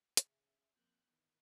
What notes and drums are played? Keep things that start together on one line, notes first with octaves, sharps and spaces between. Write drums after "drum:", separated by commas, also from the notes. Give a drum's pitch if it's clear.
C#3 G#4 E5, drum: hi-hat
F2 F3 A#3 C4 F#6 G6
D#3 E3 B3 D#4